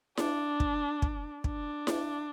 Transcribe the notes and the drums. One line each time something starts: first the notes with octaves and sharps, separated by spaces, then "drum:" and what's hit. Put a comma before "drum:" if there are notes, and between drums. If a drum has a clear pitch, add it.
D4, drum: snare E4
drum: kick
drum: kick
D4, drum: kick
drum: snare E4